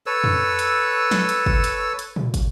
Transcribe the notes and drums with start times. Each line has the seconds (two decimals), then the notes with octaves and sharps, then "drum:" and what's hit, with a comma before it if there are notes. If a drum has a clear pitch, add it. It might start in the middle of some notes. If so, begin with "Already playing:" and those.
0.06 A4 B4 C#5 E6
0.24 drum: tom F2
0.59 drum: hi-hat
1.11 drum: snare
1.29 drum: hi-hat
1.46 drum: kick
1.64 drum: hi-hat
1.99 drum: hi-hat
2.16 drum: tom A#2
2.34 drum: kick, hi-hat